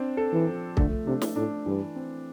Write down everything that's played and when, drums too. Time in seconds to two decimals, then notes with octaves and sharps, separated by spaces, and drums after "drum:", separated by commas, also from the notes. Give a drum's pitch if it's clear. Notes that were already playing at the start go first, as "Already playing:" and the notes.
Already playing: C4 D4
0.17 A4
0.32 E3
0.47 F3
0.77 D3 A3, drum: kick
1.06 C3 D4
1.22 drum: snare
1.36 A2 D4
1.66 G2 E3
1.96 C4